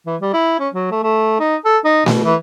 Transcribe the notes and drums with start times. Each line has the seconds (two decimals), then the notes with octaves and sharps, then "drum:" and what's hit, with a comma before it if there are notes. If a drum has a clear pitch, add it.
0.07 E3
0.21 G3
0.33 E4
0.60 C#4
0.74 F#3
0.91 A3
1.03 A3
1.40 D#4
1.65 A4
1.85 D#4
2.06 B2, drum: snare A3
2.24 E3